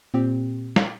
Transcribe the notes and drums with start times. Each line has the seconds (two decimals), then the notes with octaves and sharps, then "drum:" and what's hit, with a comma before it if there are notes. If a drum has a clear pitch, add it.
0.14 A#2 C4 G4
0.76 drum: snare